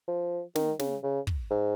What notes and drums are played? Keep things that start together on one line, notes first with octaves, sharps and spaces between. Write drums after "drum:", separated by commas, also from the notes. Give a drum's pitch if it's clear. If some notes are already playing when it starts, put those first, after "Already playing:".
F3
D#3, drum: snare
C#3, drum: snare
C#3
drum: kick
G#2